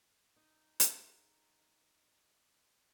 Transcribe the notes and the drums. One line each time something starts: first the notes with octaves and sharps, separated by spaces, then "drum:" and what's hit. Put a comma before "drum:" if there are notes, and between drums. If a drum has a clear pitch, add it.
D#4
G#4, drum: hi-hat